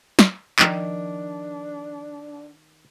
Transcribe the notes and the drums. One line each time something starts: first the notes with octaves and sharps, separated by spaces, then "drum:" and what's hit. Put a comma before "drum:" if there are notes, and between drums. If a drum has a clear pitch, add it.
drum: snare
D#3 F3 D4, drum: clap